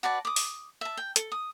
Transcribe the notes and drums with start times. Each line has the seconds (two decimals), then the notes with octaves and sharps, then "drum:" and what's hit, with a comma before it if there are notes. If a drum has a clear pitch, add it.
0.03 F#4 B4 D5 A5
0.25 D6 D#6
0.36 drum: open hi-hat
0.81 E5 A5
0.97 G5
1.16 A4, drum: hi-hat
1.32 D#6